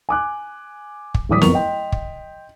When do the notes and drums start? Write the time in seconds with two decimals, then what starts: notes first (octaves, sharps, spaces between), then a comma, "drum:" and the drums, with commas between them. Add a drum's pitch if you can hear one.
0.09 G#5 D6 F#6
1.14 drum: kick
1.29 D1 A1 G3 D6 D#6 B6
1.41 F#1 F2 B3 A#4 C#6 F7, drum: snare
1.53 D#5 G5 C6
1.92 drum: kick